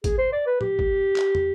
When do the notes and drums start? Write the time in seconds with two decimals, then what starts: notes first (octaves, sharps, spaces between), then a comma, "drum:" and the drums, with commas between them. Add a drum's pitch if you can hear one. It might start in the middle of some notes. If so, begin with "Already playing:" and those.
0.04 G#4, drum: kick, hi-hat
0.18 C5
0.32 D5
0.46 B4
0.61 G4, drum: tom A2
0.79 drum: kick
1.16 drum: clap
1.35 drum: tom